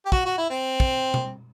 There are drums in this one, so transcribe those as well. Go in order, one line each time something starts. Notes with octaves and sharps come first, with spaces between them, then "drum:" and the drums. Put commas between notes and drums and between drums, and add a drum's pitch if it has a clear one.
G4
F#4, drum: kick
F#4
E4
C4
drum: kick
drum: tom B2